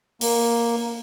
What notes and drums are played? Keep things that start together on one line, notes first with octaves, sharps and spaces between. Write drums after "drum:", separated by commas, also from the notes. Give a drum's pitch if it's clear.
A#3, drum: open hi-hat